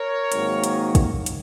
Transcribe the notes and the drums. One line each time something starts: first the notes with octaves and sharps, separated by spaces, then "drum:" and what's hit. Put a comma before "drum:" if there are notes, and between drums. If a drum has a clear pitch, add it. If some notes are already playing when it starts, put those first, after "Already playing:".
Already playing: A#4 C#5
G#1 G#2 D#3 F#3 A#3, drum: hi-hat
drum: hi-hat
drum: kick, hi-hat
drum: hi-hat